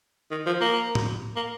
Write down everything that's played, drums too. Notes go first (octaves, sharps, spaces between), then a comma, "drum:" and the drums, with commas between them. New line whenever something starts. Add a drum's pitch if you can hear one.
D#3
F3
A#3
drum: tom A2
A#3